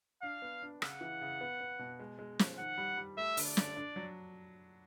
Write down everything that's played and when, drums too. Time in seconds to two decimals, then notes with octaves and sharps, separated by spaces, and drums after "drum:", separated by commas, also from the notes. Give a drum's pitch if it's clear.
0.23 D4 F5
0.42 B3
0.62 D4
0.82 C#3 F#5, drum: rim click
1.01 E3
1.21 C#3
1.41 B3
1.61 B3
1.79 B2
2.00 G#3
2.19 G#3
2.39 F3, drum: snare
2.58 D#3 F#5
2.78 G3
2.97 G3
3.17 A3 E5
3.37 D3, drum: open hi-hat
3.47 D5
3.57 D3, drum: snare
3.76 D4
3.96 F#3